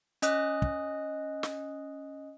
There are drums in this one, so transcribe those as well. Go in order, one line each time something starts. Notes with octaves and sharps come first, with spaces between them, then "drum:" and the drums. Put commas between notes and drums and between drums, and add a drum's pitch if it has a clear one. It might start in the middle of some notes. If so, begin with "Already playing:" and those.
C#4 D#5 D#6 F#6, drum: hi-hat
drum: kick
drum: snare